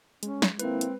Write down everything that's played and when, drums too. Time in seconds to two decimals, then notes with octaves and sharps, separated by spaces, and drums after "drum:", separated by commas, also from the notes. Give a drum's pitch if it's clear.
0.23 G#3 C#4, drum: hi-hat
0.42 drum: snare
0.59 D#3 A#3 C4 E4 B4, drum: hi-hat
0.81 drum: hi-hat